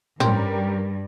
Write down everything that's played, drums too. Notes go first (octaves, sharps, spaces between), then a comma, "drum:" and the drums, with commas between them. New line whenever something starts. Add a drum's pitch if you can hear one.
G2 G3 C4 C#4 G4 A#4, drum: tom